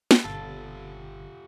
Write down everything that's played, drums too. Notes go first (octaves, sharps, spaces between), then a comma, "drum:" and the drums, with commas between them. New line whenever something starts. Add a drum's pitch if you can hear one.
drum: snare
G1 B2 D3 F4 G4 A4 F5